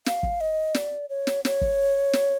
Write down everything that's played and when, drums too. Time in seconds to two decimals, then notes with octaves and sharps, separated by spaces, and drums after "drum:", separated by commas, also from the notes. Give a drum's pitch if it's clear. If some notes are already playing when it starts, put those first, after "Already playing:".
0.06 F5, drum: snare
0.23 drum: kick
0.41 D#5
0.75 D5, drum: snare
1.09 C#5
1.27 drum: snare
1.45 C#5, drum: snare
1.61 drum: kick
2.13 drum: snare